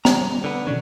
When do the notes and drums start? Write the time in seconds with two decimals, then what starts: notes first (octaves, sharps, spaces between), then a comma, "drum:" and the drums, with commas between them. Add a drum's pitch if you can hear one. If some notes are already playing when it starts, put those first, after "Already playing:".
0.05 G3 A#5, drum: snare
0.44 D3 B3
0.67 B2 D#3 E3 C#4 D4